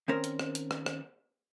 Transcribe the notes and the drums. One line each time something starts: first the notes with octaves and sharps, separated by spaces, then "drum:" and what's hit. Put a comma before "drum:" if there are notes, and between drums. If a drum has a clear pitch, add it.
D#3 C4 C#4 A#4 C5
drum: hi-hat
drum: rim click
drum: hi-hat
drum: rim click
drum: rim click